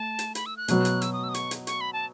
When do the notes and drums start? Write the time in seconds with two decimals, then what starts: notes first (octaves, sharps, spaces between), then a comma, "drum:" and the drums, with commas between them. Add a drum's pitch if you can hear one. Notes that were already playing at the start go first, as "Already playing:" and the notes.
Already playing: A3 A5
0.19 drum: hi-hat
0.35 B5, drum: hi-hat
0.46 E6
0.57 F#6
0.68 B2 F#3 B3, drum: hi-hat
0.85 drum: hi-hat
1.02 E6, drum: hi-hat
1.13 D#6
1.24 E6
1.29 D#6
1.34 C#6, drum: hi-hat
1.51 drum: hi-hat
1.67 C#6, drum: hi-hat
1.81 B5
1.93 A5